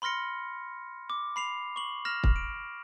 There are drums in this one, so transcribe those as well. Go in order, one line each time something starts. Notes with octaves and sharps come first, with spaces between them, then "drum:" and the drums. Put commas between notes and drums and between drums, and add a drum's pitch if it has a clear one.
B5 C6 F6 A#6 C#7
D6
B5 C7 F7
C#6 F#7
F6 A#6 E7 F7
drum: kick
D7